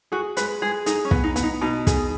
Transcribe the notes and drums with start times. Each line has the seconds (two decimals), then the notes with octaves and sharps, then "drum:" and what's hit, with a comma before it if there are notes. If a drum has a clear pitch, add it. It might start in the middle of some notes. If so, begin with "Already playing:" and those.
0.12 F#4 G#4
0.37 G#3 B4, drum: hi-hat
0.62 G#3 G#4
0.86 D#4 G#4, drum: hi-hat
1.05 C#4
1.11 B3, drum: kick
1.24 D#4
1.36 B3, drum: hi-hat
1.43 D#4
1.62 B2 D#4
1.87 G#4, drum: kick, hi-hat